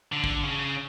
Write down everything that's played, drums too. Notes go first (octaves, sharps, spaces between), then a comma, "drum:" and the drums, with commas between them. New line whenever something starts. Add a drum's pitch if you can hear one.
D3
drum: kick
C#3